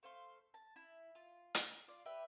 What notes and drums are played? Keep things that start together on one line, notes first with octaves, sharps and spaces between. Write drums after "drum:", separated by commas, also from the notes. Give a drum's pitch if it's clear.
A3 C5 F5 C6
A5
E4
F4
drum: hi-hat
F4 D5 F5
G4 B4 D5 E5